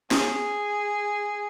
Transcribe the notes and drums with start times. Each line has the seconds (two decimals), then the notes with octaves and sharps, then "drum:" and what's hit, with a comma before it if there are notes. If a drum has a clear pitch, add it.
0.11 G#4, drum: snare